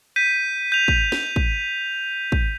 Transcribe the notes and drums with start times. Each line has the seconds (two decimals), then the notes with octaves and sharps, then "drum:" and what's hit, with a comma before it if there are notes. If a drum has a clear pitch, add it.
0.16 G6 B6 D#7
0.72 G6 F7
0.88 drum: kick
1.12 drum: snare
1.36 drum: kick
2.32 drum: kick